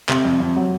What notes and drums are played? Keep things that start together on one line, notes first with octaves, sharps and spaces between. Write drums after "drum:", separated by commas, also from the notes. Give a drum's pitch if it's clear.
C3, drum: clap
F2
F2
F#3